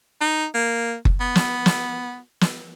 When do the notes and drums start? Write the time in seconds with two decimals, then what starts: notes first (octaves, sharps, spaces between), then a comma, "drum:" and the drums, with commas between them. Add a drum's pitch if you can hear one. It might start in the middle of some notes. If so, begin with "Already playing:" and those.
0.21 D#4
0.55 A#3
1.05 drum: kick F#1
1.20 B3
1.35 drum: snare
1.66 drum: snare
2.41 drum: snare